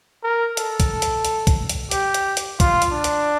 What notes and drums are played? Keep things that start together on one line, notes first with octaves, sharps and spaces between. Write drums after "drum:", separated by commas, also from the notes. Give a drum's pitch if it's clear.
A#4
A4, drum: hi-hat
drum: kick B1, hi-hat
drum: hi-hat
drum: hi-hat
drum: kick B1, hi-hat
drum: hi-hat
G4, drum: hi-hat
drum: hi-hat
drum: hi-hat
F4, drum: kick B1, hi-hat
drum: hi-hat
D4
drum: hi-hat